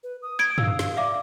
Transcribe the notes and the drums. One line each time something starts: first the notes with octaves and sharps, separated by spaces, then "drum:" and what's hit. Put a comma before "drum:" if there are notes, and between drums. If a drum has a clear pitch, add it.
B4
D#6
G#6 D7
F5 E6, drum: tom
drum: snare
D5 E5 F5 D6